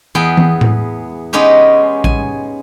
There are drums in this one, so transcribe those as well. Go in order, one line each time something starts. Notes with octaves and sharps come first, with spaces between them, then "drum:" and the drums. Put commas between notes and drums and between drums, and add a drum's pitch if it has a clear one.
E2 B3 G#4 G5
drum: tom E3
drum: tom A2
G#3 B3 C#4 D#4 G4
G#5, drum: kick A#1